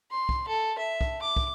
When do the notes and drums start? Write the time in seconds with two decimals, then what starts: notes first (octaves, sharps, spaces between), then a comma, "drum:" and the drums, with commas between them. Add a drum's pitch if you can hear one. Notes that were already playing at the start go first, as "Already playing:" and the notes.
0.11 C6
0.29 drum: kick
0.48 A4
0.78 E5
1.01 drum: kick
1.22 D6
1.37 drum: kick